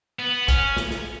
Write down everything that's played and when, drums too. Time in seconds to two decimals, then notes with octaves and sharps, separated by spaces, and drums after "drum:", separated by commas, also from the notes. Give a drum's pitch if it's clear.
0.19 B3
0.48 C#4, drum: kick A#1, hi-hat
0.76 drum: snare
0.91 drum: snare